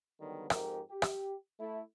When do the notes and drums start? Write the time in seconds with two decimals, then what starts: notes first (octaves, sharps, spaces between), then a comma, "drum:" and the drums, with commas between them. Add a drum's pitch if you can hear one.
0.21 D3 D#3 F#3 G3 B3
0.50 F2 G#2 G4 A#4, drum: rim click
0.90 G4
1.02 drum: rim click
1.59 A3 E4